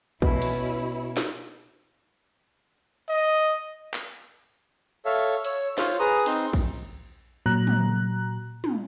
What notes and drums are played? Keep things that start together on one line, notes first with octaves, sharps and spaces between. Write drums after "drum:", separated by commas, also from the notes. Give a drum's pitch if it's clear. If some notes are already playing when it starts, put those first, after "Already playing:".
B2 C#4 E4, drum: kick
drum: cymbal
drum: snare
D#5
drum: clap
A4 C#5 E5 F5
C#5 E6, drum: hi-hat
F4 C5 C#5 F5, drum: snare
G#4 B4 A#5 D#6
C4 D#4 C6, drum: cymbal
drum: kick
A#2 F#3 A#5 F#6
drum: tom
drum: tom